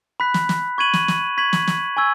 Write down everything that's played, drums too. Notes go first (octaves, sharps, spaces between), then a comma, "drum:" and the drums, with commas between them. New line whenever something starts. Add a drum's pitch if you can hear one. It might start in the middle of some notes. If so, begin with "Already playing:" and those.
B5 F#6 B6
drum: snare
drum: snare
C#6 G#6 D#7 F#7
drum: snare
drum: snare
C#6 G#6 B6 F#7
drum: snare
drum: snare
G#5 C#6 E6 G#6